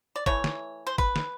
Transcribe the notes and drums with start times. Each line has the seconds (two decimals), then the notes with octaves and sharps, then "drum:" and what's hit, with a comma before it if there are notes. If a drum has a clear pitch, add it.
0.16 D5
0.26 E3 A3 C#5, drum: kick
0.44 drum: snare
0.87 C5
0.98 B4, drum: kick
1.16 drum: snare